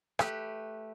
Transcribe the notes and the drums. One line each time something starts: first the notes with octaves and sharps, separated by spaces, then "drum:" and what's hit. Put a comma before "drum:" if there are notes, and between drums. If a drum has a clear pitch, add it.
A3 G4 B4, drum: rim click